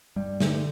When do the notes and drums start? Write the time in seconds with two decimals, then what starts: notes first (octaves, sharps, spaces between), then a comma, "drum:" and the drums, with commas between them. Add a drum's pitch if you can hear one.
0.16 G2 G3
0.40 D3 A3, drum: snare